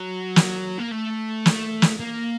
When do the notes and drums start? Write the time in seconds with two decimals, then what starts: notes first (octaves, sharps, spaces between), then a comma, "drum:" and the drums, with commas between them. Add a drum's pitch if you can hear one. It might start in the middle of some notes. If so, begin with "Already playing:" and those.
Already playing: F#3
0.36 drum: snare
0.79 A#3
0.91 A3
1.46 drum: snare
1.82 drum: snare
2.00 A#3